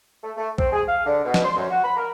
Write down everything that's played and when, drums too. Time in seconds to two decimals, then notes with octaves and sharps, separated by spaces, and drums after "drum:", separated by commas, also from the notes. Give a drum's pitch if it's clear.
0.24 A3
0.37 A3
0.58 C4, drum: kick C2
0.73 G#4
0.88 F5
1.06 D3
1.25 B2
1.34 drum: snare
1.45 C6
1.56 F#2
1.71 F#4
1.84 B5
1.97 A#4